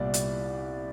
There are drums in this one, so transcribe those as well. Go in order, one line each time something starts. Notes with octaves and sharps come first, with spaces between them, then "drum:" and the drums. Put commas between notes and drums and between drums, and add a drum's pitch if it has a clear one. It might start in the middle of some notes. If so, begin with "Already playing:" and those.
Already playing: C2 A#2 G3 B3 D5
drum: hi-hat